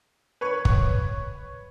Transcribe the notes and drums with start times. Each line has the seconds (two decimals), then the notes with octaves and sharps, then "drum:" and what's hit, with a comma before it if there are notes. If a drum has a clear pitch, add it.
0.41 B4 C#5 C#6
0.65 drum: kick